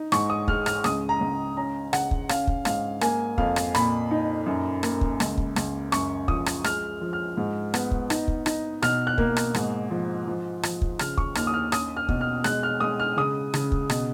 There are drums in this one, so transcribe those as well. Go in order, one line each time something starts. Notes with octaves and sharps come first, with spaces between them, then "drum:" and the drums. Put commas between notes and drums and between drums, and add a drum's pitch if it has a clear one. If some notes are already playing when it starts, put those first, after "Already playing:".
Already playing: D#4
G#2 C#6, drum: rim click
D#6
G#3 F6, drum: kick
F6, drum: rim click
C#2 D#6, drum: rim click
A#5
C#2
C#4 A#5
C#3 F#5, drum: rim click
drum: kick
C#4 F5, drum: rim click
drum: kick
G#2 F5, drum: rim click
A#3 G#5, drum: rim click
F2 F5, drum: kick
drum: rim click
A#2 B5, drum: rim click
D#4
F#2
A#3, drum: rim click
drum: kick
C#2, drum: rim click
drum: kick
C#2, drum: rim click
F#2 C#6, drum: rim click
F3 D#6, drum: kick
drum: rim click
G#3 F6, drum: rim click
F3
F6
G#2
B3, drum: rim click
drum: kick
D#4, drum: rim click
drum: kick
D#4, drum: rim click
B2 F6, drum: rim click
F#6
A#3, drum: kick
drum: rim click
G#2, drum: rim click
F3
F3
F3, drum: rim click
drum: kick
C#3 F6, drum: rim click
C#6, drum: kick
D#2 F6, drum: rim click
D#6
F6
C#4 D#6, drum: rim click
F6
B2, drum: kick
F6
G#3 F#6, drum: rim click
F6
G#3 D#6
F6
C#3 D#6
C#3, drum: rim click
drum: kick
B2, drum: rim click